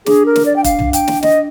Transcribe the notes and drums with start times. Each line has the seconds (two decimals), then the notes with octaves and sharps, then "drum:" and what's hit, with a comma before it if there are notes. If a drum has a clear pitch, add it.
0.06 D4 G#4, drum: snare
0.26 A#4
0.36 drum: snare
0.46 D5
0.56 G5
0.64 F5, drum: kick E1, hi-hat
0.79 drum: tom
0.93 G5, drum: hi-hat
1.08 drum: snare
1.23 D#5, drum: snare